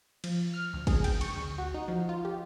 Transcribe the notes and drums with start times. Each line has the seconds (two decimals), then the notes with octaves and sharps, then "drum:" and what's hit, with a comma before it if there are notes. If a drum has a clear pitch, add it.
0.24 F3, drum: cymbal
0.54 F6
0.73 D2
0.87 G#4, drum: kick, cymbal
1.04 G5, drum: cymbal
1.21 C#6, drum: cymbal
1.36 D2
1.58 F#4
1.74 D#4
1.88 F3
2.09 F4
2.25 G4